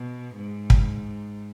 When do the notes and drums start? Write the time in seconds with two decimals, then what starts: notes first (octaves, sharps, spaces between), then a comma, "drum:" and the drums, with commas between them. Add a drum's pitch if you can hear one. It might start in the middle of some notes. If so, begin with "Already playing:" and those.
Already playing: B2
0.35 G#2
0.70 drum: kick